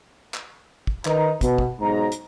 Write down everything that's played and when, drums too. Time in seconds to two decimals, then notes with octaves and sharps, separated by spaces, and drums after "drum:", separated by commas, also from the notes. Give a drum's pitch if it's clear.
0.34 drum: clap
0.87 drum: kick
1.05 D#3 D#4 B4 A#5, drum: clap
1.41 B2, drum: kick, hi-hat
1.58 drum: kick
1.80 B1 G#2 A#5
2.12 drum: hi-hat